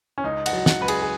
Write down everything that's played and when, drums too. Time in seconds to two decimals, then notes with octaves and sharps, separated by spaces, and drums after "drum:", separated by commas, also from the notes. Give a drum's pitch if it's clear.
0.18 C#4
0.24 C#2 D#4
0.46 F#5, drum: cymbal
0.53 F#3
0.66 F#5, drum: snare
0.81 C#2 B4
0.88 G#4, drum: cymbal
1.02 G#4